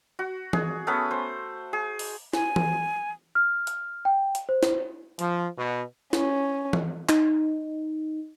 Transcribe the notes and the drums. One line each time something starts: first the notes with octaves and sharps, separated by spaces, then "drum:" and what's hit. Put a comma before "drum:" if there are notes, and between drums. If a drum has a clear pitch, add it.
F#4
G#4, drum: tom E3
A3 B3 C#4 B4
C5
G#4
drum: open hi-hat
G#5, drum: snare
drum: tom E3
F6
drum: hi-hat
G5
drum: hi-hat
C5
drum: snare
F3, drum: hi-hat
B2
C#4, drum: snare
drum: tom E3
D#4, drum: clap